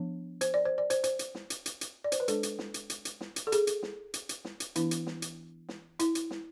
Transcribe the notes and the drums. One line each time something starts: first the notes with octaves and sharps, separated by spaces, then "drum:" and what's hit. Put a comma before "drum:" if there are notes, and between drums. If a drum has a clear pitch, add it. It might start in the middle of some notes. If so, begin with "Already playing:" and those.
Already playing: F3 B3 D4
C5, drum: hi-hat
D5
C5
D5
C5, drum: hi-hat
C5, drum: hi-hat
drum: hi-hat
drum: snare
drum: hi-hat
drum: hi-hat
drum: hi-hat
D5
C5, drum: hi-hat
B4
G#3 D4 A4, drum: hi-hat
drum: hi-hat
drum: snare
drum: hi-hat
drum: hi-hat
drum: hi-hat
drum: snare
drum: hi-hat
A4
G#4, drum: hi-hat
drum: hi-hat
drum: snare
drum: hi-hat
drum: hi-hat
drum: snare
drum: hi-hat
E3 B3 D4 E4, drum: hi-hat
drum: hi-hat
drum: snare
drum: hi-hat
drum: snare
E4, drum: hi-hat
drum: hi-hat
drum: snare